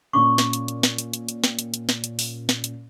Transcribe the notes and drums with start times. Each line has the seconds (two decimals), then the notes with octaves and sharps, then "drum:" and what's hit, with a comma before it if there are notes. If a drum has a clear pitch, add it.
0.13 A#2 C#4 C#6 D6
0.38 drum: snare
0.53 drum: hi-hat
0.68 drum: hi-hat
0.83 drum: snare
0.98 drum: hi-hat
1.13 drum: hi-hat
1.29 drum: hi-hat
1.44 G5, drum: snare
1.59 drum: hi-hat
1.74 drum: hi-hat
1.89 drum: snare
2.04 drum: hi-hat
2.19 drum: open hi-hat
2.49 drum: snare
2.64 drum: hi-hat